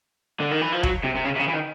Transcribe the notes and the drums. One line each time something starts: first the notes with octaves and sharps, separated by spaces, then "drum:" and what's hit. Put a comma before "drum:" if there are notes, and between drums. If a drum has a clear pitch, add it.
D3
D#3
E3
F3
F#3, drum: kick
C3
C3
C#3
C3
C#3
E3
D#3